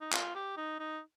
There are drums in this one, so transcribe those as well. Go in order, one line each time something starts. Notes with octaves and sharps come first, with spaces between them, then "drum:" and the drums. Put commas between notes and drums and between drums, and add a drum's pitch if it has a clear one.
D#4
F4, drum: clap
G4
D#4
D#4